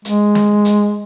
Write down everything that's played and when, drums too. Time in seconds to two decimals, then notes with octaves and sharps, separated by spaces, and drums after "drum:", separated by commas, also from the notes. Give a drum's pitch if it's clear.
0.05 G#3, drum: hi-hat
0.35 drum: snare
0.65 drum: hi-hat